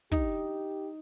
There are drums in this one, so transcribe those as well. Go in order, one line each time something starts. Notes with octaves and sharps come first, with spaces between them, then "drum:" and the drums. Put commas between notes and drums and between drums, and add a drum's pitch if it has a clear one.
D#4 G4, drum: kick